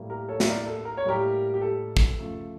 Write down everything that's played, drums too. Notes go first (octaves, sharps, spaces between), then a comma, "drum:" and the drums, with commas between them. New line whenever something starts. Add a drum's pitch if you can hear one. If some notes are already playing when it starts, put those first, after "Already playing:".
Already playing: A2 G3 A#3
G4 A#4
A4 C#5
E5, drum: snare
A#4 D5
A4
A#4
C#5
A2 G3 A#3 G4 A#4
G4
A4
drum: kick
C#3 F3 A3